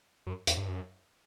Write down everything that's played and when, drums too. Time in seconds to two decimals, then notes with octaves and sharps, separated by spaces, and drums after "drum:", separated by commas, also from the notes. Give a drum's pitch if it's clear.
0.27 F#2
0.47 E2, drum: hi-hat
0.57 G2
0.68 F#2